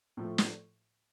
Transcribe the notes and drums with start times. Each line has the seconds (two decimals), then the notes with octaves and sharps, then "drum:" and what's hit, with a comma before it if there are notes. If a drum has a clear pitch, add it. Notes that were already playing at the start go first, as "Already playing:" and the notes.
0.17 A2 F3 A3
0.38 drum: snare